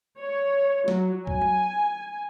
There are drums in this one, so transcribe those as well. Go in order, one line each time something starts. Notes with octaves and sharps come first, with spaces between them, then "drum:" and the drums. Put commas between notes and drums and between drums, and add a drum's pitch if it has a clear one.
C#5
F#3, drum: snare
G#5, drum: kick
drum: tom F#3